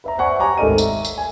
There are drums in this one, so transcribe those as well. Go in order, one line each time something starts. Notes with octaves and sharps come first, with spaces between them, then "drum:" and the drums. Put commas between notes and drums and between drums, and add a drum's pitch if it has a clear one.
B4 E5 A#5
C5 D5 E5 F#5 G#5 C#6
G4 C#5 G#5 A#5 C#6 D6
G#1 A3 A4 A#4 D#5 D#7
E5, drum: tambourine
drum: tambourine
G#5